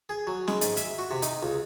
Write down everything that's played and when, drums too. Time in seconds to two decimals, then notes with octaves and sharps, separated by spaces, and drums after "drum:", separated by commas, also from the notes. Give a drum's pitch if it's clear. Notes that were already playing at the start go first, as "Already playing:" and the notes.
0.09 G#4
0.27 F#3
0.48 G#3, drum: snare C#4
0.61 G#2, drum: hi-hat
0.77 E5, drum: hi-hat
0.99 F#4
1.11 C3
1.22 D#4, drum: hi-hat
1.43 C#2